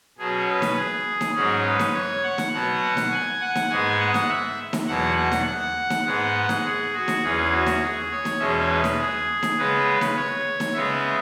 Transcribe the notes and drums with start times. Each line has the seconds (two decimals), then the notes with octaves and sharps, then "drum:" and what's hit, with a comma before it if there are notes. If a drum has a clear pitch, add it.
0.18 B2 F#3 C#4 G#4
0.47 B4
0.62 drum: snare D#4
0.76 G#4
1.21 drum: snare D#4
1.35 G#2 F#3 C#4 G#4
1.65 B4
1.79 drum: snare D#4
1.94 C#5
2.23 F#5
2.38 drum: snare D#4
2.53 B2 F#3 B3 F#5
2.97 drum: snare D#4
3.11 G#5
3.41 F#5
3.55 drum: snare D#4
3.70 G#2 G#3 B3 G#5
3.99 F#5
4.14 drum: snare D#4
4.29 E5
4.73 drum: snare D#4
4.87 E2 B2 F#3 F#5
5.17 F#5
5.32 drum: snare D#4
5.46 F#5
5.90 drum: snare D#4
6.05 G#2 G#3 B3 F#5
6.49 drum: snare D#4
6.64 G#4
6.93 F#4
7.08 drum: snare D#4
7.22 E2 E3 C#4 G#4
7.52 F#4
7.66 drum: snare D#4
7.81 G#4
8.11 C#5
8.25 drum: snare D#4
8.39 E2 B2 G#3 C#4 E5
8.69 B4
8.84 drum: snare D#4
8.98 G#4
9.43 drum: snare D#4
9.57 C#3 G#3 B3 B4
10.01 drum: snare D#4
10.16 C#5
10.60 drum: snare D#4
10.74 C#3 G#3 B3 E5